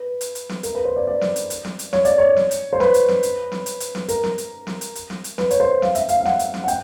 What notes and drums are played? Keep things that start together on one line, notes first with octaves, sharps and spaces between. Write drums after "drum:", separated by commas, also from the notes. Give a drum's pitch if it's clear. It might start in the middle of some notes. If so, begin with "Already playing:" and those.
Already playing: B4
drum: hi-hat
drum: hi-hat
drum: snare
A#4, drum: hi-hat
B4
C5
D5
D5
drum: snare
drum: hi-hat
drum: hi-hat
drum: snare
drum: hi-hat
C#5, drum: snare
D5, drum: hi-hat
C#5
drum: snare
drum: hi-hat
C5
B4, drum: snare
drum: hi-hat
drum: snare
drum: hi-hat
drum: snare
drum: hi-hat
drum: hi-hat
drum: snare
A#4, drum: hi-hat
drum: snare
drum: hi-hat
drum: snare
drum: hi-hat
drum: hi-hat
drum: snare
drum: hi-hat
B4, drum: snare
C#5, drum: hi-hat
C5
F5, drum: snare
E5, drum: hi-hat
F5, drum: hi-hat
F5
F#5, drum: snare
drum: hi-hat
drum: snare
F#5
G5, drum: hi-hat